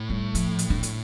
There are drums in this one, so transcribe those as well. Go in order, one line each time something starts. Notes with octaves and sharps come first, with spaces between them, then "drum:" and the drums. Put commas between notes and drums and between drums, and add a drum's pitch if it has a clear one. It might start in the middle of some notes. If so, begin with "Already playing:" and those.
Already playing: A2
G3
F3, drum: hi-hat
drum: hi-hat
D4
drum: hi-hat